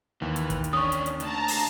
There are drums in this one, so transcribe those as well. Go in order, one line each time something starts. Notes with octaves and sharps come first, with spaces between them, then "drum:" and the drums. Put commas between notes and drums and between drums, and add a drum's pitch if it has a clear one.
D#2 E3
drum: hi-hat
drum: kick, hi-hat
drum: hi-hat
C#4 D4 C#6 D#6
drum: hi-hat
drum: hi-hat
D2 D3 A5 A#5, drum: hi-hat
drum: open hi-hat